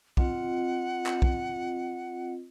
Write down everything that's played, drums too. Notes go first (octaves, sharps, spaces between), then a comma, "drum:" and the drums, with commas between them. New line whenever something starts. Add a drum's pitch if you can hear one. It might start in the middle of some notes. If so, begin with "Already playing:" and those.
C4 F4 D#5 F#5, drum: kick
drum: clap
drum: kick